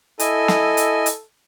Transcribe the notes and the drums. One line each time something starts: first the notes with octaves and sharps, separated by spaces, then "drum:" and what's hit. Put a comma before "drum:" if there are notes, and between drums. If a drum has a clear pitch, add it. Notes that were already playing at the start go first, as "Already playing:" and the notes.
E4 A4 D#5 G#5, drum: hi-hat
drum: snare
drum: hi-hat
drum: hi-hat